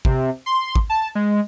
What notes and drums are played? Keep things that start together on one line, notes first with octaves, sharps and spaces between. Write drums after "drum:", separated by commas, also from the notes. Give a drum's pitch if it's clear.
C3, drum: kick
C6
drum: kick
A5
G#3